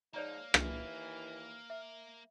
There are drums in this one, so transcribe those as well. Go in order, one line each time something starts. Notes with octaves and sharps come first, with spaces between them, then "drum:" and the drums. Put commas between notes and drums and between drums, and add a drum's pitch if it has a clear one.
G#2 F3 A#3 D#4 C#5 D5 A#5 F6
D#2 E3, drum: rim click
E5